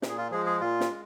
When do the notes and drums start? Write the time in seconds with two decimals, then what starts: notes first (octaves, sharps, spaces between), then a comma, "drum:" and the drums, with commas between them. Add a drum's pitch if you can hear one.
0.02 A#2, drum: snare
0.09 G#4
0.18 F4
0.31 F3 G#3 G#4
0.46 G#4
0.60 A#2 F4
0.80 drum: snare
0.90 G#3